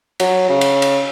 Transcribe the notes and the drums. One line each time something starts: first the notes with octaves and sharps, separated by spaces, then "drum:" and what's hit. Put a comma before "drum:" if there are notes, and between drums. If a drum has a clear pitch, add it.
F#3, drum: cymbal
C#3
drum: cymbal
drum: cymbal